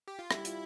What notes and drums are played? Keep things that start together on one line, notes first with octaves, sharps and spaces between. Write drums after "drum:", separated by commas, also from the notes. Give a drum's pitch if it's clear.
G4
F4
G3 E4, drum: rim click
F4, drum: hi-hat